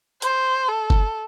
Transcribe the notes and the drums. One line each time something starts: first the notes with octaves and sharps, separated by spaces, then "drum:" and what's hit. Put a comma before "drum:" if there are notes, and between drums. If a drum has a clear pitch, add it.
C5, drum: hi-hat
A4
drum: kick F#1